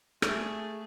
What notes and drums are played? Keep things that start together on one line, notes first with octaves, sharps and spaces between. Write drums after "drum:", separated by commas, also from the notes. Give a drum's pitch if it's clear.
A3 G#4, drum: rim click